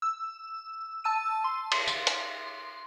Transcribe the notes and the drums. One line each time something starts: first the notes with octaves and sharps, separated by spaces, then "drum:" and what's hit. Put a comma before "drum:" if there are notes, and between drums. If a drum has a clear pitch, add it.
E6
A5 E6 D#7
C6
drum: cymbal
drum: tambourine
drum: hi-hat